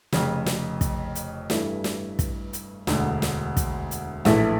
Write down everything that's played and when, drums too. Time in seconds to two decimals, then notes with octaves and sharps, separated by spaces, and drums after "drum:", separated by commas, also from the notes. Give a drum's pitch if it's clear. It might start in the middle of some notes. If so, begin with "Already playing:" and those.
0.13 F1 F2 C#3, drum: snare
0.46 drum: snare
0.81 drum: kick, hi-hat
1.15 drum: hi-hat
1.50 G2 E3 A3 E4, drum: snare
1.84 drum: snare
2.19 drum: kick, hi-hat
2.53 drum: hi-hat
2.87 E1 D2 D3, drum: snare
3.22 drum: snare
3.57 drum: kick, hi-hat
3.91 drum: hi-hat
4.25 A#1 A2 E3 A3 E4, drum: snare